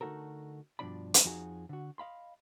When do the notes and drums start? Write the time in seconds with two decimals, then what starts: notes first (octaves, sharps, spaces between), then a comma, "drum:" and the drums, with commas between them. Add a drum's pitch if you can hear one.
0.01 D3 A3 D#4 F#4 A4 A#4
0.79 G2 B2 F3 D4 D5 B5
1.14 drum: hi-hat
1.25 F2 F3 D#4 F#4 G#4
1.69 D3 F#4
1.98 D#5 F5 B5 C6